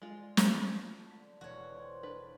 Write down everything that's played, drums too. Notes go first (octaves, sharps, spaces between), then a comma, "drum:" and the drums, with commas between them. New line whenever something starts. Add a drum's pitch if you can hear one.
G#3 F4 D5 D#5 F#5
drum: snare
A5
D3 B6
E1 F#4 C#5 D5
F4 C5 G5
D4 B4